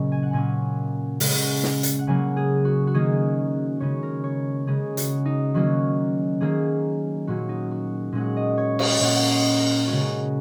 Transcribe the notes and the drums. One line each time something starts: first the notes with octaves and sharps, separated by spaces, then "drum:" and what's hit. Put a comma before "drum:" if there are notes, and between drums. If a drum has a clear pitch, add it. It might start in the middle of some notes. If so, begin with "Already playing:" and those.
Already playing: A#2 C#3 F#3 A#3 C#4 D#5
G#5
F#5
A#2 A#3 C#4 G#5
C#3 G#3 C#4 F#5, drum: open hi-hat
drum: snare
drum: hi-hat
F#5
C#3 F#3 A#3 G#5
G#4
F#4
F#4
D#3 A#3 C#4 G#4
C#3 G#3 C#4 C#5
A#4
C#5
C#3 G#3 C#4 G#4
F#4, drum: hi-hat
D#4
D#3 F#3 A#3 C#4 F#4
D#3 F#3 A#3 G#4
A#2 F#3 A#3 C#4 F#4
D#4
F#4
A#2 G#3 C#4 F#5
D#5
C#5
D#5, drum: cymbal
A#2 A#3 C#4 F#5
D#5
A#4
C#3 G#3 C#4 F#4